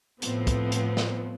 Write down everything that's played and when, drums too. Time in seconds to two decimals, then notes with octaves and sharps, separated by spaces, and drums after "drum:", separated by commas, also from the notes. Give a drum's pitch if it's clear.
0.22 A2 F3 B3 C4, drum: hi-hat
0.47 drum: kick, hi-hat
0.72 drum: hi-hat
0.97 drum: snare